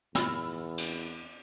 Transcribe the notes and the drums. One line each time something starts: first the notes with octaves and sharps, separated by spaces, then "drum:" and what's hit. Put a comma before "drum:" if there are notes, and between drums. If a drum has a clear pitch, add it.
E2 B5 E6 F6, drum: snare
drum: cymbal